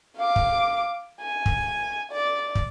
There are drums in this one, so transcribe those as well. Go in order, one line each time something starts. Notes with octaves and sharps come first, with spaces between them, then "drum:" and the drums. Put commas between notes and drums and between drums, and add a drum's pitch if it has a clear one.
F5 D6
drum: kick
G#5
drum: kick
D5
drum: kick